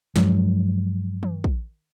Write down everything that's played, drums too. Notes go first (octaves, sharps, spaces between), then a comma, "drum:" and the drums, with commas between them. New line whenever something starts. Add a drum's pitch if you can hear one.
G2 F3 F#3 G#3, drum: snare
drum: tom
drum: kick